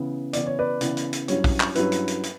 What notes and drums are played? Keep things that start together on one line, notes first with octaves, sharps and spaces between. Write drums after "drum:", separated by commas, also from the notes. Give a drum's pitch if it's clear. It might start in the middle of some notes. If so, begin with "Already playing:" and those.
Already playing: C#3 E3 B3 E4
C#3 E3 B3 E4 D5, drum: hi-hat
C#5
B4 D5
C#3 E3 B3 E4, drum: hi-hat
drum: hi-hat
drum: hi-hat
G2 F#3 C#4 E4 C#5, drum: hi-hat
drum: kick, open hi-hat
drum: clap
G2 F#3 C#4 E4 B4, drum: hi-hat
drum: hi-hat
drum: hi-hat
drum: hi-hat